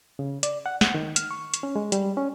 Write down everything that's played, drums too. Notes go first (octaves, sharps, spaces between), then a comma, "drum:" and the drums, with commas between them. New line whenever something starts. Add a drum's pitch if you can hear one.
C#3
D5, drum: hi-hat
F#5
F#5, drum: snare
D#3
F6, drum: hi-hat
C#6
drum: hi-hat
C#4
G#3
G3, drum: hi-hat
C#4